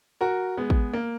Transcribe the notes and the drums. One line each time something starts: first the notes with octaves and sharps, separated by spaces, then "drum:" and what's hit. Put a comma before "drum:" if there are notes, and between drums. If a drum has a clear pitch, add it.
F#4 A#4
G#3 B3
drum: kick
A#3